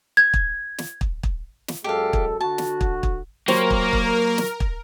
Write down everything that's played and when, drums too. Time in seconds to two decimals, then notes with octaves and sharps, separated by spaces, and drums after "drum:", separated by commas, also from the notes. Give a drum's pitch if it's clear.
0.17 G#6
0.34 drum: kick
0.78 drum: snare
1.01 drum: kick
1.23 drum: kick
1.68 drum: snare
1.84 F#2 G#3 G4 A4 F5
2.13 drum: kick
2.41 D3 F#4 A5
2.58 drum: snare
2.81 drum: kick
3.03 drum: kick
3.48 F#3 A#3 G4 A#4 C5 C#6, drum: snare
3.70 drum: kick
3.93 drum: kick
4.38 drum: snare
4.60 drum: kick